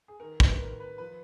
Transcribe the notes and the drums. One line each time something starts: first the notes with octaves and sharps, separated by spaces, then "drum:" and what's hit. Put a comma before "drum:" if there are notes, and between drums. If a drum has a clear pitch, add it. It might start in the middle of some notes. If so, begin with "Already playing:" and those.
G#4
D#3 A#4
B4, drum: kick
D#3 A#4
B4
F3 B4